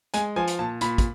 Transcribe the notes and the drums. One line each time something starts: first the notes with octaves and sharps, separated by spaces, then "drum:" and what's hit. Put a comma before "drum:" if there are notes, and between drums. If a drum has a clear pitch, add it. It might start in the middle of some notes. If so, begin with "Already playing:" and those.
G#3 G#5, drum: hi-hat
F3 G#5
drum: hi-hat
A#2 A5
A#2 B5, drum: hi-hat
drum: kick, hi-hat